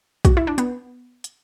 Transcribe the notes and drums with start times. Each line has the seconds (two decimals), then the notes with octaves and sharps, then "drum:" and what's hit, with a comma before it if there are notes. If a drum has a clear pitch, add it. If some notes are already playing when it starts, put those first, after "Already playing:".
0.25 F#4, drum: kick, hi-hat
0.37 E4
0.47 D4
0.58 B3, drum: hi-hat
1.24 drum: hi-hat